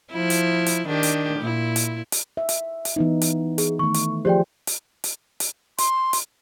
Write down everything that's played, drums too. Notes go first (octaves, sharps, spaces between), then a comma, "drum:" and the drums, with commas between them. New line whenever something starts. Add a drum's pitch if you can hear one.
F3 E4
drum: hi-hat
drum: hi-hat
D#3 D4 G4
drum: hi-hat
A#2 E4
drum: hi-hat
drum: hi-hat
E5
drum: hi-hat
drum: hi-hat
E3 B3 D#4
drum: hi-hat
G#4, drum: hi-hat
D#3 A3 C#6
drum: hi-hat
F3 G4 G#4 C5 D5 G5
drum: hi-hat
drum: hi-hat
drum: hi-hat
C6, drum: hi-hat
drum: hi-hat